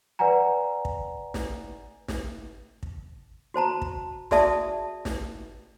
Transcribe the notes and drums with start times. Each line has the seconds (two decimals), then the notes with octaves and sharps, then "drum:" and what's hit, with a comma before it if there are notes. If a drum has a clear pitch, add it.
0.19 B4 D5 F#5 G#5 A#5
0.85 drum: kick
1.34 drum: snare
2.08 drum: snare
2.83 drum: kick
3.54 F#4 C5 A5 A#5
3.82 drum: kick
4.31 F#4 G#4 D5 E5 A5 D#6, drum: snare
5.05 drum: snare